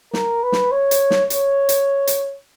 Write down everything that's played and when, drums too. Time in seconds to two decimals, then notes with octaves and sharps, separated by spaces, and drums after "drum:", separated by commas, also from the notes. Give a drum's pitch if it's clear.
0.13 A#4, drum: snare
0.43 B4
0.52 drum: snare
0.72 C#5
0.91 drum: hi-hat
1.11 drum: snare
1.30 C#5, drum: hi-hat
1.69 drum: hi-hat
2.07 drum: hi-hat